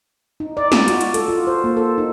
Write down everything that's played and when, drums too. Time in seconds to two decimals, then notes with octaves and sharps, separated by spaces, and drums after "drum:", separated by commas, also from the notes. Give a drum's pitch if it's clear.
0.40 D#4
0.57 D5
0.72 F4, drum: snare
0.88 F#4, drum: hi-hat
1.01 drum: hi-hat
1.14 A4, drum: hi-hat
1.28 F4
1.47 C5
1.64 A#3
1.77 A4
1.98 D#4